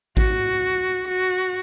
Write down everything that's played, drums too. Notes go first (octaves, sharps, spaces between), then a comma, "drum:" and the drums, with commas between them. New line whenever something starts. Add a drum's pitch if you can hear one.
F#4, drum: kick A1
F#4